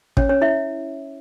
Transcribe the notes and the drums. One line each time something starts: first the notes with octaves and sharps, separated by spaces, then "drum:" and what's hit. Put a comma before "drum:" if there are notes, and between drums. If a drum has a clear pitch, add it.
C#4 C#5, drum: kick
C#4 C#5
E4 E5